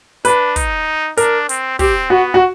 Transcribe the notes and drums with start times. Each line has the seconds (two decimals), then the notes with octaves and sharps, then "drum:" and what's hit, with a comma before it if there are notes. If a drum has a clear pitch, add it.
0.25 D4 B4, drum: hi-hat
0.56 D#4, drum: kick, hi-hat
1.17 D4 A#4, drum: hi-hat
1.49 C4, drum: hi-hat
1.79 C4 G4, drum: kick, open hi-hat
2.10 B3 F#4
2.34 F#4